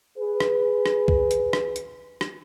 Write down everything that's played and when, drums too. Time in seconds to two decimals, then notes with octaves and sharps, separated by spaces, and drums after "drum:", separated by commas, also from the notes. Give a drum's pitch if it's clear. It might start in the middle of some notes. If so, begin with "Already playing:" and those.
0.18 G#4 B4
0.40 drum: rim click
0.86 drum: rim click
1.08 drum: kick
1.31 drum: hi-hat
1.53 drum: rim click
1.76 drum: hi-hat
2.21 drum: rim click